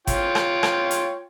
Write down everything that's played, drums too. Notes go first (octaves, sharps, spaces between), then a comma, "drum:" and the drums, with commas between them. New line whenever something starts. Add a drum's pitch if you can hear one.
F4 C#5 G5, drum: kick G#1, hi-hat
drum: rim click
drum: rim click
drum: hi-hat